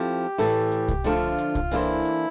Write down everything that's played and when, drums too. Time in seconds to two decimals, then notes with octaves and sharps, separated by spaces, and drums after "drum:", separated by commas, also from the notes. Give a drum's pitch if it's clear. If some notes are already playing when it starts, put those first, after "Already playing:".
Already playing: F3 C4 E4 G4 A4
0.38 A2 E3 A3 E4 A4, drum: hi-hat
0.72 drum: hi-hat
0.88 drum: kick C2, hi-hat
1.04 D3 F3 A3 D4 F4 A4, drum: hi-hat
1.38 drum: hi-hat
1.55 drum: kick C2, hi-hat
1.71 E3 A#3 D4 E4 A4 C5, drum: hi-hat
2.05 drum: hi-hat